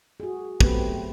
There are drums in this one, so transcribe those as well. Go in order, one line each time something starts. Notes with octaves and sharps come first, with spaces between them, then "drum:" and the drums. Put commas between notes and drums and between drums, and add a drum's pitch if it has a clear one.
F#4 G#4
F#3 A3 B3 C4 G4 B4, drum: kick